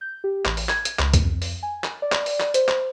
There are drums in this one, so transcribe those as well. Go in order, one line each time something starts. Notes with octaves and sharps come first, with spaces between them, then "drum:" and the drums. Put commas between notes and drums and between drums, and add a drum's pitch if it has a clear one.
G6
G4
A1, drum: clap
drum: open hi-hat
G#6, drum: clap
drum: hi-hat
C#2, drum: clap
drum: kick, hi-hat
F2
drum: open hi-hat
G#5
drum: clap
D5
drum: clap
drum: open hi-hat
drum: clap
C5, drum: hi-hat
drum: clap